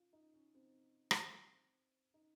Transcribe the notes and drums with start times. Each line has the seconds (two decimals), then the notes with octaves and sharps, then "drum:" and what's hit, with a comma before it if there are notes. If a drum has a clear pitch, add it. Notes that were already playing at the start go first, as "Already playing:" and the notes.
Already playing: F4
0.13 D#4
0.34 C#4
0.55 C4
1.11 drum: rim click
2.14 D#4